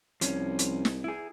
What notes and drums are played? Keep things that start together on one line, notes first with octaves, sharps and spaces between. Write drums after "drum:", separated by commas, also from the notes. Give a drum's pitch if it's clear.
C2 F3 C#4, drum: hi-hat
drum: hi-hat
drum: snare
E4 G#4